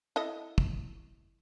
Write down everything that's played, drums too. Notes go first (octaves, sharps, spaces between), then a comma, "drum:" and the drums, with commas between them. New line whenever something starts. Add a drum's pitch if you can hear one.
E4 A4 D#5
drum: kick